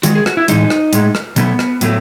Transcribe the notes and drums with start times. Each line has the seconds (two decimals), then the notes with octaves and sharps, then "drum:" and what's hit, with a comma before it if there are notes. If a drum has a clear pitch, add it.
0.03 D#3 G#3 F#4, drum: hi-hat
0.15 G#4
0.26 F#4, drum: rim click
0.37 E4
0.48 A2 E3 G#3 D#4, drum: hi-hat
0.70 drum: rim click
0.93 A2 G#3, drum: hi-hat
1.15 drum: rim click
1.36 B2 F#3 A3 B3, drum: hi-hat
1.59 drum: rim click
1.81 A2 F#3 A3, drum: hi-hat